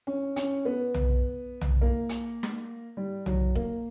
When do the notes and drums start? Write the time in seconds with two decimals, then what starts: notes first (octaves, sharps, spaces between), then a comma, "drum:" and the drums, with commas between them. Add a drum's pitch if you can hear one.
0.07 C#4
0.36 C#4, drum: hi-hat
0.65 B3
0.95 drum: tom
1.61 drum: tom
1.81 A#3
2.09 drum: hi-hat
2.43 drum: snare
2.97 G3
3.26 F#3, drum: tom
3.55 A#3, drum: kick